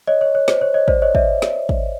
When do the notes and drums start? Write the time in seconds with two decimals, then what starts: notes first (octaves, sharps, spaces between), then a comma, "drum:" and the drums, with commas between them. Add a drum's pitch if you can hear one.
0.07 C#5 D#5
0.21 C#5
0.35 C#5
0.48 C5, drum: snare
0.61 C#5
0.74 C#5 D#5
0.88 C5 D5, drum: kick
1.02 C#5 D#5
1.15 D5 E5, drum: kick
1.42 drum: snare
1.69 drum: kick